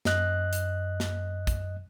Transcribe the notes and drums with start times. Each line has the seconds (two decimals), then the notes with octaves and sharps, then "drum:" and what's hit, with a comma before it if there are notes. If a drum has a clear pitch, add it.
0.05 F#2 D#5 F#6, drum: snare
0.53 drum: hi-hat
1.00 drum: snare
1.47 drum: kick, hi-hat